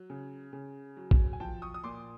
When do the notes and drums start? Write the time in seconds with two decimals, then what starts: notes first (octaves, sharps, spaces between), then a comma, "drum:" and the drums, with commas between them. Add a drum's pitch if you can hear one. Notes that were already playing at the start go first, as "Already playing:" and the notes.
Already playing: F#3
0.10 C#3
0.53 C#3
0.97 F#3
1.11 drum: kick
1.33 G#5
1.40 F3 G5 A5
1.62 C#6 D#6
1.74 D#6
1.84 A#2 C6 D6